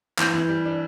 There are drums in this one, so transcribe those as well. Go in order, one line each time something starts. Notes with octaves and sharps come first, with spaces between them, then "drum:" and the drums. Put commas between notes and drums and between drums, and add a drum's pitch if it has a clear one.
E3 G6, drum: clap
E3
G3
D4